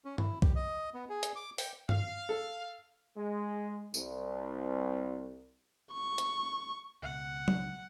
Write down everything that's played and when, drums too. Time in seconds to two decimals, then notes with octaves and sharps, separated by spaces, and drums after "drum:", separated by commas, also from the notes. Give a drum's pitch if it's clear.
0.05 C#4
0.18 E4, drum: tom G2
0.42 G4, drum: kick
0.56 D#5
0.94 B3
1.09 G#4
1.23 drum: hi-hat
1.36 D6
1.58 G5, drum: open hi-hat
1.89 F5, drum: tom G2
2.29 A4
3.16 G#3
3.94 C2, drum: tambourine
5.93 C#6
6.18 drum: hi-hat
7.03 C#2 B2 F#5
7.48 drum: tom F#3